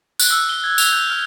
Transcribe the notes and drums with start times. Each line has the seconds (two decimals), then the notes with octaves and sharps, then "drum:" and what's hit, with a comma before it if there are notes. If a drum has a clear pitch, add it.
0.20 F#6, drum: tambourine
0.31 E6
0.49 G7
0.64 G#6
0.78 F7, drum: tambourine
0.93 G6
1.10 F6